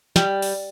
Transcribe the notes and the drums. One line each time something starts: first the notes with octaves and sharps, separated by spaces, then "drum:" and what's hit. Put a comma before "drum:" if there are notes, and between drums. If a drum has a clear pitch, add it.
G3, drum: snare
drum: open hi-hat